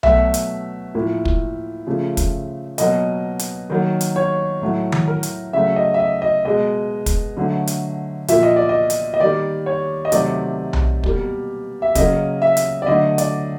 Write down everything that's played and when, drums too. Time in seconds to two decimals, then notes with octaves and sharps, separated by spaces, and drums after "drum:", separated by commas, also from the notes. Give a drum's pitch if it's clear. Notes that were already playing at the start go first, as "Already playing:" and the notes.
0.03 B2 F#3 A3 E5, drum: tom B1
0.34 drum: hi-hat
0.94 A2 F3 A#3
1.25 drum: kick
1.87 C#3 F3 A3
2.17 drum: kick, hi-hat
2.78 B2 F#3 A#3 D#5, drum: hi-hat
3.39 drum: hi-hat
3.70 D#3 F#3 A#3
4.01 drum: hi-hat
4.16 C#5
4.62 A2 F#3 A3
4.92 drum: tom D#3
5.08 A#4
5.23 drum: hi-hat
5.53 C#3 F#3 A3 E5
5.76 D#5
5.94 E5
6.00 D#5
6.22 D#5
6.45 B2 G#3 D#5
7.06 drum: kick, hi-hat
7.37 D3 F#3 A3
7.67 drum: hi-hat
8.28 A#2 F3 A#3 E5, drum: hi-hat
8.43 D#5
8.56 D5
8.69 D#5
8.90 drum: hi-hat
9.14 D#5
9.20 D#3 G3 A#3 D5
9.66 C#5
10.05 D#5
10.12 C3 D#3 F#3 A3 D5, drum: hi-hat
10.73 drum: tom B1
11.04 B2 G3 A#3, drum: kick
11.82 E5
11.95 C#3 F#3 A#3 D#5, drum: kick, hi-hat
12.42 E5
12.57 drum: hi-hat
12.82 D5
12.87 D3 F#3 A3 D#5
13.18 D5, drum: hi-hat